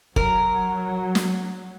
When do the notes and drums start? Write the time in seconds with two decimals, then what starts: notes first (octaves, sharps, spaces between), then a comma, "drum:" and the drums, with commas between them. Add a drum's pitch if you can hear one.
0.16 F#3 A#4, drum: kick
1.15 drum: snare